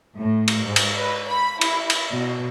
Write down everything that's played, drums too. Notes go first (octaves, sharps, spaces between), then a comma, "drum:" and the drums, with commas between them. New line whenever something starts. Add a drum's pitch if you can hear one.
A2
drum: cymbal
G#2
drum: cymbal
B4
B5
E4, drum: cymbal
drum: cymbal
B2